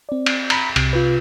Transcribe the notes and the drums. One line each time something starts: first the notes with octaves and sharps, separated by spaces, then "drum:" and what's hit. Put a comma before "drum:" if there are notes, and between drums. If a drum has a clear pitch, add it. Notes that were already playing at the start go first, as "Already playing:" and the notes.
C4 D5
drum: cymbal
A#5 B5 B6, drum: cymbal
C2 C3, drum: cymbal
F4 B4